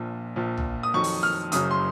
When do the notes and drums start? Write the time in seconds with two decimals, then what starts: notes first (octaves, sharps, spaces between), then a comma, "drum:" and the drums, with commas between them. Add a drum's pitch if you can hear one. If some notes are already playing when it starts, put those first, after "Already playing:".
Already playing: A#1 A#2 F3
0.36 A#1 A#2 F3
0.58 drum: tom B1
0.83 D#6
0.94 F2 D#3 F#3 C#6
1.04 drum: open hi-hat
1.23 F6
1.52 F#1 F#2 C#3 F#3 D#6, drum: hi-hat
1.71 C6